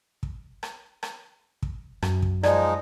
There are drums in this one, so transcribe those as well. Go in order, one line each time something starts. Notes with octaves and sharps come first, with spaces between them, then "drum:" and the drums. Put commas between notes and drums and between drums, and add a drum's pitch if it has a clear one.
drum: kick
drum: rim click
drum: rim click
drum: kick
F#2, drum: rim click
drum: kick
F3 G#3 D#4 D5, drum: rim click